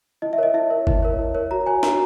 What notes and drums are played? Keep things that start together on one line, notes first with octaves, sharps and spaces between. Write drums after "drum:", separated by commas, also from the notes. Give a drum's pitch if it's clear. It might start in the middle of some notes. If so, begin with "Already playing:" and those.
E4 D#5
E5
A#4 C#5 D#5
E4 E5
A#4 C#5
E4, drum: kick G1
A#4 C#5
E4
A#4 C#5
F#4 A#5
C#5 G#5
F#4 A#5, drum: snare